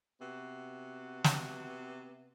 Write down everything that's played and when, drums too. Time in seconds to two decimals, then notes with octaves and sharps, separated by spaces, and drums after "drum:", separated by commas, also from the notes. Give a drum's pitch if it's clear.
0.21 C3 B3 F#4
1.24 drum: snare